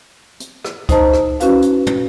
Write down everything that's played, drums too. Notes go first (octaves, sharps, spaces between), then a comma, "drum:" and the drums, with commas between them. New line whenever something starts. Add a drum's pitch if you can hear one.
drum: hi-hat
drum: rim click
D#4 C5 D#5 A5 A#5, drum: kick C#2, hi-hat
drum: rim click
C#4 E4 F#4 B4 F5, drum: hi-hat
drum: hi-hat
drum: tom